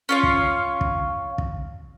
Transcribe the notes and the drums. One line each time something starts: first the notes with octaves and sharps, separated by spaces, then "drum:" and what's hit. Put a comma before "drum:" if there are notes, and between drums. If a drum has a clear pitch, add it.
C#4 F4 C#5
drum: kick
drum: kick
drum: kick